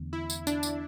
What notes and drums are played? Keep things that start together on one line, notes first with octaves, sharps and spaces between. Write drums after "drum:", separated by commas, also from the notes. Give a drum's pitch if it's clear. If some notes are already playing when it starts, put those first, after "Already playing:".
Already playing: E2 D3 A3
E4
drum: tambourine
D4, drum: tambourine
drum: tambourine